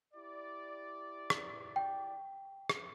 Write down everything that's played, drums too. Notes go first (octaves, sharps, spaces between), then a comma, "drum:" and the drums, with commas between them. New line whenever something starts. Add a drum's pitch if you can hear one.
E4 G4 D5
drum: rim click
G5
drum: rim click